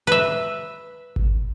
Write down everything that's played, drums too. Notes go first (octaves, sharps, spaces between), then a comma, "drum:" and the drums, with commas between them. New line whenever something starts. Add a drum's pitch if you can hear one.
B4 E5
drum: kick G#1